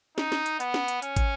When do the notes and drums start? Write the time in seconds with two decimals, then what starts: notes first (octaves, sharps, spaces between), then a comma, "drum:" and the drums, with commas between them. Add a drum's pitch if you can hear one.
0.18 D#4, drum: snare
0.32 drum: snare
0.46 drum: hi-hat
0.60 B3, drum: hi-hat
0.74 drum: snare
0.88 drum: hi-hat
1.02 C#4, drum: hi-hat
1.17 drum: kick, hi-hat